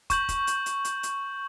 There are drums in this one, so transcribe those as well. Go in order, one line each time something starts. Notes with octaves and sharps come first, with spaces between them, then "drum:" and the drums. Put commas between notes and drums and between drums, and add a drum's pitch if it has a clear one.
C#6 G6 F#7, drum: kick, hi-hat
drum: kick, hi-hat
drum: hi-hat
drum: hi-hat
drum: hi-hat
drum: hi-hat